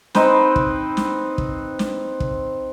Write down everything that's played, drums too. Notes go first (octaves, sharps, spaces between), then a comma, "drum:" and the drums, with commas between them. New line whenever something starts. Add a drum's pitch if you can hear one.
C4 D#4 B4 C5, drum: snare
drum: kick
drum: snare
drum: kick
drum: snare
drum: kick